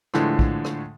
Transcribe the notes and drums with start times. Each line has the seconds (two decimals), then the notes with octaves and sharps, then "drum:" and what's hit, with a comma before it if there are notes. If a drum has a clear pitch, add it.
0.14 A2 D3 E3 F3 G#3 A3, drum: rim click
0.39 drum: kick
0.65 drum: rim click